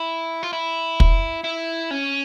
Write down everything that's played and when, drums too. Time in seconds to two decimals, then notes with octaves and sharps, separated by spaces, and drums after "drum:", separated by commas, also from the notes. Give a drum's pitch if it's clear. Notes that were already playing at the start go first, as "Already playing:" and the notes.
Already playing: E4
0.43 F4
0.53 E4
1.00 drum: kick
1.44 E4
1.91 C#4